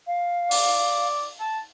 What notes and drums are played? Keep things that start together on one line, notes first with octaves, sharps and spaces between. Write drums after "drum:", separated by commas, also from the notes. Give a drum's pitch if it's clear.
F5
D5, drum: open hi-hat
A5